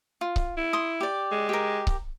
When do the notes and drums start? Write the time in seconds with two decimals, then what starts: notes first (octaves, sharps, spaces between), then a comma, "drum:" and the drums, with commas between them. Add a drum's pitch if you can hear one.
0.21 F4
0.36 drum: kick C#1
0.57 E4
0.73 C6 D#6
1.01 G4 D5
1.31 G#3
1.49 G4 A#4
1.87 drum: kick C#1